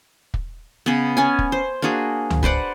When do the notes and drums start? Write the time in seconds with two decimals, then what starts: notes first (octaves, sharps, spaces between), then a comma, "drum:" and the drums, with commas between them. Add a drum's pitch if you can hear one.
0.34 drum: kick
0.86 C#3 B3
1.17 B3 C#4 G#5
1.39 drum: kick
1.52 C5
1.82 A#3 D4 F#4 G#4
2.30 drum: tom C#2
2.43 B4 C5 D5 F#5, drum: kick